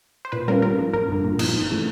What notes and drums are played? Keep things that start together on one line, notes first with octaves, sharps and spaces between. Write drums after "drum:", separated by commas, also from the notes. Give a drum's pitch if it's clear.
C5
A#2 B4
G3 A#3 C#4 F4 A#4
G#1 A#4
G#2 F3
A1 A#4
G2 D3
A#2
F3 A#3 D#4, drum: cymbal
G1
C#3 E3 A3